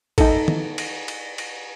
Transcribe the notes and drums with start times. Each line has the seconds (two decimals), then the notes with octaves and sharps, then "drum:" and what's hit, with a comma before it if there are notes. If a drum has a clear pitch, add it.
0.18 D#4 A4, drum: kick A1, cymbal
0.48 drum: tom D#3
0.78 drum: cymbal
1.08 drum: cymbal
1.38 drum: cymbal